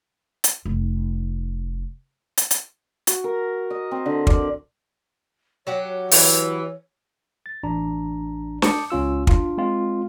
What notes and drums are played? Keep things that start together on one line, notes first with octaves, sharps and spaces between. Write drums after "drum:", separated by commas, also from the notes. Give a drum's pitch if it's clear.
drum: hi-hat
F1 D#4
drum: hi-hat
drum: hi-hat
F#4, drum: hi-hat
A#4
D#5
C4
D3
D5, drum: kick
F#3 G4 C#5 F#5
E3, drum: open hi-hat
A6
A1 D4 A#5
A5 D6 D#6 G6 C#7, drum: snare
C#2 C#4 F4 E6
D4 F4, drum: kick
G#3 C4 F4